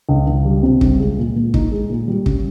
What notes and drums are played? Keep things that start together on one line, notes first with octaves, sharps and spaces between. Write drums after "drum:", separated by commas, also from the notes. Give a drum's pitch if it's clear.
C#2
C#2
G3
C3
C#2, drum: kick
G#3
A#2
A#2
D#4, drum: kick
G#3
A#2
G3
C#3, drum: kick